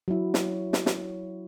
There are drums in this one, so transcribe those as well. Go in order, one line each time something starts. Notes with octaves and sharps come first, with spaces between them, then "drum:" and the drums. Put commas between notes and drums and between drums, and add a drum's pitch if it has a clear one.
F#3 E4
drum: snare
drum: snare
drum: snare